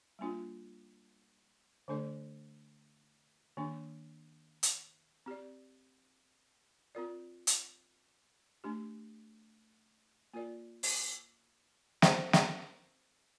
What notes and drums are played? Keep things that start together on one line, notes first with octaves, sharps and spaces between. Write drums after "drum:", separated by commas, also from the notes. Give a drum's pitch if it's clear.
G3 A#3 D4 F4
D3 A3 D4 A4 D5
D#3 A#3 D4
drum: hi-hat
C4 G4 D5
C4 F4 A#4 D5
drum: hi-hat
A3 D4 G4
A#3 F4 A#4 D5
drum: open hi-hat
C4 D#4 A4 C5, drum: snare
drum: snare